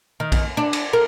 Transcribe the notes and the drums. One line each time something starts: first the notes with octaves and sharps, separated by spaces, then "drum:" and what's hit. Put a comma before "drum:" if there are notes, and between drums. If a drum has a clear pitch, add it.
D#3
drum: kick A#1, cymbal
D4
drum: cymbal
A#4